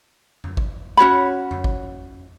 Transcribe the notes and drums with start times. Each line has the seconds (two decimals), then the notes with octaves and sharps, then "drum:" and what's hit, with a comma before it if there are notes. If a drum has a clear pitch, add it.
0.44 drum: tom F2
0.57 drum: kick G#1
0.97 C#4 F#4 C#5 B5
1.51 drum: tom F2
1.64 drum: kick G#1